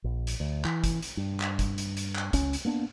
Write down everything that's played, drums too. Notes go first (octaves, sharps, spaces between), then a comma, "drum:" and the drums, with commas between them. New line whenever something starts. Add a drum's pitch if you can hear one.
A#1
drum: hi-hat
D2
E3, drum: clap
drum: kick, hi-hat
drum: hi-hat
G2
drum: clap
drum: kick, hi-hat
drum: hi-hat
drum: hi-hat
drum: clap
C#2 C#4, drum: kick, hi-hat
drum: hi-hat
A#3 B3 D4